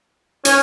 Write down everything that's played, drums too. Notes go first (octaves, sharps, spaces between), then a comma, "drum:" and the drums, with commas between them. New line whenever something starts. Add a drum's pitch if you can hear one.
C#4, drum: hi-hat